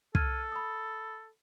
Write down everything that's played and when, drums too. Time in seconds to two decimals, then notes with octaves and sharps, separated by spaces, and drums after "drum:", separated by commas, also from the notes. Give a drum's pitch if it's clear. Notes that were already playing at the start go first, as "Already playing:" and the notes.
0.15 A4 F6 G#6 D#7, drum: kick
0.52 B5 D#6